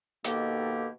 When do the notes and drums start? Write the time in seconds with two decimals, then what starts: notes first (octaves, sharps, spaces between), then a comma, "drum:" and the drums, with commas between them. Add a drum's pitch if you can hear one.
0.24 B2 D#3 A#3 G4 A4, drum: hi-hat